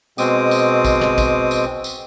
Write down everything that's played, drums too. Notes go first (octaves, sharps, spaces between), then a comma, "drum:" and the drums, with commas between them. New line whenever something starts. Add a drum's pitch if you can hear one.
B2 G#3 C4 D6 D#6, drum: tambourine
drum: tambourine
drum: kick A1, tambourine
drum: snare
drum: kick A1, tambourine
drum: tambourine
drum: tambourine